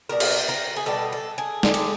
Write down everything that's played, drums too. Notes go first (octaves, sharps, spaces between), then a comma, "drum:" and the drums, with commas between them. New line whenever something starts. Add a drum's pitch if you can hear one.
B2 G3 A#4
drum: cymbal
A#4
G#4
B2 G3 A4
A4
G#4
D3 G3, drum: snare
drum: cymbal